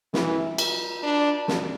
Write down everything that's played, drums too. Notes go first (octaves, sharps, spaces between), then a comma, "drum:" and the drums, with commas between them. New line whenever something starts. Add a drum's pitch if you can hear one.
E3, drum: snare
drum: cymbal
D4
drum: snare